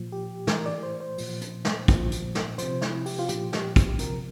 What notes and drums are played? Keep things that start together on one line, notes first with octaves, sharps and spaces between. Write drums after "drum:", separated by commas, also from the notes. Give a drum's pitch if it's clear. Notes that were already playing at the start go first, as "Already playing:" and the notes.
Already playing: A#2 F3
G4
A2 E3 A#4, drum: snare
D5
C5
C5
A#2 F3, drum: open hi-hat
drum: hi-hat
drum: snare
A#2 F3, drum: kick, hi-hat
drum: hi-hat
drum: snare
C3 F3 C5, drum: hi-hat
E4, drum: snare
G4, drum: open hi-hat
F4
A#2 F3 G4, drum: hi-hat
G4, drum: snare
G4, drum: kick, hi-hat
C3 F3 A#4, drum: hi-hat